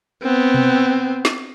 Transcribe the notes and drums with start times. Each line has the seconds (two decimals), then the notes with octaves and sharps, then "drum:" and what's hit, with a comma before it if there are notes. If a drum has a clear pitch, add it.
0.22 B3 C4
0.54 drum: tom B2
1.25 drum: snare